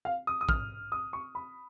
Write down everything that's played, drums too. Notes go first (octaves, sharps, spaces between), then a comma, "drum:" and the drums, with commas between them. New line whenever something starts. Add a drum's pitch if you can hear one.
F5
D#6
D#6
F6, drum: kick
D#6
C#6
B5